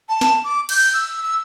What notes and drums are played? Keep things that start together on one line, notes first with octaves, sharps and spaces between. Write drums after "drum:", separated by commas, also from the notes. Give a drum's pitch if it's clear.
A5
drum: snare
D6
G6, drum: cymbal
E6
E6